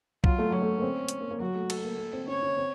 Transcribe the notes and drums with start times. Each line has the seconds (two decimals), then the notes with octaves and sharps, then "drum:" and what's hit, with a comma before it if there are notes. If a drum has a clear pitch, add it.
0.24 F#3 F4, drum: kick
0.38 A3
0.50 F#3 C#4
0.62 A3
0.78 A#3
0.82 C4
1.08 drum: hi-hat
1.21 A#3
1.31 A#3
1.40 F#3 F#4
1.55 A3
1.70 A4, drum: cymbal
1.84 A#3
1.98 A#3
2.13 C4
2.28 C#4 C#5
2.43 C#4
2.57 C4